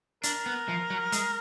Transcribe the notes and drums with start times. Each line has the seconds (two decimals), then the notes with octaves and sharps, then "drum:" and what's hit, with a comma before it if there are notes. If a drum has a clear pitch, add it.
0.23 D4 A#4, drum: hi-hat
0.46 B3
0.68 F3
0.90 F#3
1.12 G#3, drum: hi-hat